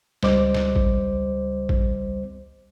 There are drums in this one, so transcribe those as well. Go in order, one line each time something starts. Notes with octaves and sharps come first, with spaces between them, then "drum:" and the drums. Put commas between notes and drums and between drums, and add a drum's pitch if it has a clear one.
C#2 G3 C5 D#5 D6, drum: snare
drum: snare
drum: kick A1
drum: kick A1